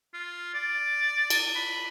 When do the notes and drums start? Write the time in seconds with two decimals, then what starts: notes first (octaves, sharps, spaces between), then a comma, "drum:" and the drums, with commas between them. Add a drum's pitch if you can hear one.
0.14 F4
0.54 D5
1.30 drum: cymbal
1.55 B5